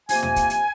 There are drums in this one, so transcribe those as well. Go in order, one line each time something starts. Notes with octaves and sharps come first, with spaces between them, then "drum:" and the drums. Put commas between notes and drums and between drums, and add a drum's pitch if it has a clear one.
C3 F3 A#3 G#5, drum: open hi-hat
drum: tom
drum: kick, hi-hat
drum: hi-hat